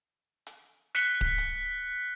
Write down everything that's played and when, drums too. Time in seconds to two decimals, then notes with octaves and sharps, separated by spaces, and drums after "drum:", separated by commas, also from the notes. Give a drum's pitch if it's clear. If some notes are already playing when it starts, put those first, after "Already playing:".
0.47 drum: hi-hat
0.95 F#6 B6 C#7 G7, drum: snare
1.21 drum: kick D1
1.38 drum: hi-hat